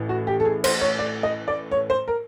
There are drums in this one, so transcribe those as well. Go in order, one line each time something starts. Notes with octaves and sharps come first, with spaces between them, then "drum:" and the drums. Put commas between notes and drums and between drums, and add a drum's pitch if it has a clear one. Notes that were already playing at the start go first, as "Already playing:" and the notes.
Already playing: A1 A2 E3
F#4
G4
A4
G#4
C5, drum: cymbal
C#5
D5
D#5
D5
C#5
C5
A#4